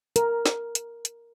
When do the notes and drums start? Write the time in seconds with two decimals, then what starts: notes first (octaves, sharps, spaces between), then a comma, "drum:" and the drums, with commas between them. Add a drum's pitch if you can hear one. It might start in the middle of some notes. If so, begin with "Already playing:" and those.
0.16 A#4, drum: hi-hat
0.46 drum: snare
0.75 drum: hi-hat
1.05 drum: hi-hat